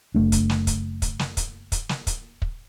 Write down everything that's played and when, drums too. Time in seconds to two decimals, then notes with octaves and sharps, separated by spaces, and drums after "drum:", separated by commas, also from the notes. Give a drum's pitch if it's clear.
0.15 F#1 A3 D4
0.32 drum: kick, hi-hat
0.50 drum: snare
0.67 drum: kick, hi-hat
1.02 drum: kick, hi-hat
1.19 drum: snare
1.37 drum: kick, hi-hat
1.72 drum: kick, hi-hat
1.89 drum: snare
2.07 drum: kick, hi-hat
2.42 drum: kick